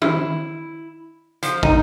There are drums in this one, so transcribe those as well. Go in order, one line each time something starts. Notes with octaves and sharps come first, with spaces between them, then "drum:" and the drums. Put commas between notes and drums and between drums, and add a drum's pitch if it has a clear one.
E4, drum: tom
F3, drum: hi-hat
D#4, drum: kick